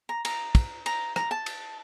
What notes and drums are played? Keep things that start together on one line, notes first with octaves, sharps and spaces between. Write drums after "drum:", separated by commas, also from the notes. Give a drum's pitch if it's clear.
A#5
A#5, drum: cymbal
drum: kick, cymbal
A#5, drum: cymbal
A#5, drum: rim click
A5
drum: cymbal